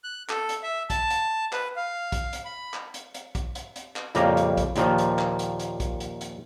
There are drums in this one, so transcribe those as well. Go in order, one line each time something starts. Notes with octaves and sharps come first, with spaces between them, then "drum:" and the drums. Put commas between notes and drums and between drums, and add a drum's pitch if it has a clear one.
F#6
A4, drum: clap
drum: hi-hat
E5
A5, drum: kick B1, hi-hat
drum: hi-hat
B4, drum: clap
F5
drum: kick B1, hi-hat
drum: hi-hat
B5
drum: clap
drum: hi-hat
drum: hi-hat
drum: kick B1, hi-hat
drum: hi-hat
drum: hi-hat
drum: clap
F2 A#2 C#3 G3 A#3 A#5, drum: hi-hat
drum: hi-hat
drum: kick B1, hi-hat
D#2 A#2 D#3 F3, drum: hi-hat
drum: hi-hat
drum: clap
drum: hi-hat
drum: hi-hat
drum: kick B1, hi-hat
drum: hi-hat
drum: hi-hat